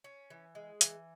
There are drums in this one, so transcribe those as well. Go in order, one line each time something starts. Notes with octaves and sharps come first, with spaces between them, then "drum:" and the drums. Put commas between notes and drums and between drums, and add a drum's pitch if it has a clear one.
C#4
E3
G#3
E3, drum: hi-hat